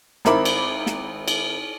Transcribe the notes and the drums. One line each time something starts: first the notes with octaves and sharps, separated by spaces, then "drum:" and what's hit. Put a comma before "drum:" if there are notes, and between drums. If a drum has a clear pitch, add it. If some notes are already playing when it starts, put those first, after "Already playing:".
G#1 C4 E4 A#4 B5 D6, drum: snare
drum: cymbal
drum: snare
drum: cymbal